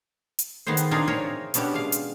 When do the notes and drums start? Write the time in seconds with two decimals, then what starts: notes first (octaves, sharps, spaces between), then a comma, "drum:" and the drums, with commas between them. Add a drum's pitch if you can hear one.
0.39 drum: hi-hat
0.67 D#3 B3 C4 G#4 C5
0.77 drum: hi-hat
0.91 C4 D4 D#4 F4 G#4 A#4
1.08 G#4 A#4 C5 C#5 E5 G#5
1.54 B2 B3 C#4 D4 G4, drum: hi-hat
1.74 G#3 F5
1.92 drum: hi-hat